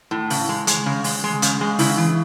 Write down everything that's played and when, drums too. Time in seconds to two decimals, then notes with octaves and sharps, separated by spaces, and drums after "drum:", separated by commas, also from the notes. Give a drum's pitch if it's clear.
0.11 A2
0.30 C#3, drum: open hi-hat
0.49 G#3
0.67 G#3, drum: hi-hat
0.86 C#3
1.04 G#3, drum: open hi-hat
1.24 G#3
1.42 C#3, drum: hi-hat
1.61 G#3
1.79 C#3 E4, drum: open hi-hat
1.97 E3